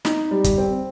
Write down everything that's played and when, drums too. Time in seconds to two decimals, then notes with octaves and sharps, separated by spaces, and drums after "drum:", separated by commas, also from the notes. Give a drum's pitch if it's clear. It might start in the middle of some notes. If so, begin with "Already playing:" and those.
0.05 D#4, drum: snare
0.31 G3
0.44 drum: kick, hi-hat
0.58 C4